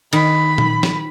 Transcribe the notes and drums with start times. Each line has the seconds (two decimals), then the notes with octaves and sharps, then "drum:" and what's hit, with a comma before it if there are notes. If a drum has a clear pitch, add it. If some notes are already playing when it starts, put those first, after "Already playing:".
0.13 D#3 B5, drum: cymbal
0.58 drum: tom A#2
0.83 drum: snare